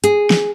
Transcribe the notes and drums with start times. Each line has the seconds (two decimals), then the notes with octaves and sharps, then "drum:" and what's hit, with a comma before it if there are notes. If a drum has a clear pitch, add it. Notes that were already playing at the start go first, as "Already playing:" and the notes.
0.04 G#4, drum: hi-hat
0.30 drum: snare